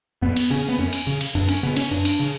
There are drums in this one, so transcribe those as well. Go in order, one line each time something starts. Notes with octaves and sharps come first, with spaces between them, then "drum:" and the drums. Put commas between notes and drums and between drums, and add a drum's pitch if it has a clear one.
F2 B3
drum: cymbal
C#3 C#4
B3
F2 C#4
drum: cymbal
C#3
drum: cymbal
F#2 D4
C#4, drum: cymbal
C#3 B3
C#4, drum: cymbal
F#2 D4
drum: cymbal
C#3